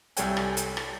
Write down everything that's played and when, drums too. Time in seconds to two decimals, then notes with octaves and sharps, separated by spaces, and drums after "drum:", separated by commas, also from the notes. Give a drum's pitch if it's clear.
0.17 C2 G3 A4 C#5 G5 G#5, drum: hi-hat
0.37 drum: rim click
0.57 drum: hi-hat
0.77 drum: rim click